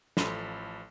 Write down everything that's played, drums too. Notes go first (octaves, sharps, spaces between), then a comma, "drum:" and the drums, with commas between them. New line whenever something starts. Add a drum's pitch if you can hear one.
A1 F3 A4 B5 C6, drum: snare